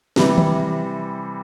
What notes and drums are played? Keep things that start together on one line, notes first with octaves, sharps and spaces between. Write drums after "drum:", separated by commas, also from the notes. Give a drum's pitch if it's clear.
C3 E3 G3, drum: snare
drum: tom D#3